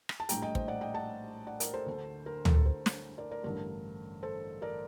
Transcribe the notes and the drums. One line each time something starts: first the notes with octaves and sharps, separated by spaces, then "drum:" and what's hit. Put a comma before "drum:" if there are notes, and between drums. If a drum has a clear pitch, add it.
drum: rim click
A5
A#1 A2 G3 G5 A#5, drum: hi-hat
D#5 G5
C5 D#5, drum: kick
D5 F#5
D#5 G5
F#5 A5
D5 F#5
A#4 D5, drum: hi-hat
A4 C5
D2 D3 A3
A#4
A4, drum: tom
A#4
A4 C5
drum: snare
A#4 D5
A#4 D5
A1 G2 D3 A#4
A4 C5
A#4 D5